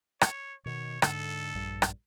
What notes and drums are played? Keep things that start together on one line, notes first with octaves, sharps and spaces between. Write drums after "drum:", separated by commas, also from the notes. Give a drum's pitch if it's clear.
C#5, drum: rim click
B2 D#3 C#5
G#2 D3 A4, drum: rim click
A#1 G2 G3
drum: rim click